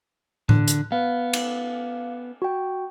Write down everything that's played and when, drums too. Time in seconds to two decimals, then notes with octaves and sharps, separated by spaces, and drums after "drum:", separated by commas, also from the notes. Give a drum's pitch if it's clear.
0.49 D3 F#6, drum: tom A2
0.67 drum: hi-hat
0.92 B3 F5
1.33 drum: cymbal
2.42 F#4 G5